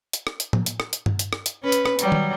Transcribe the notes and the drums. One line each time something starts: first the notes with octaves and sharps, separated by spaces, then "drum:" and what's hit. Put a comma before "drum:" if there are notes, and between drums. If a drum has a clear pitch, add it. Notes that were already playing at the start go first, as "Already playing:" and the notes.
drum: hi-hat
drum: rim click
drum: hi-hat
drum: tom
drum: hi-hat
drum: rim click
drum: hi-hat
drum: tom G2
drum: hi-hat
drum: rim click
drum: hi-hat
C#4 B4
drum: hi-hat
drum: rim click
F#3 G3, drum: hi-hat
drum: tom D#3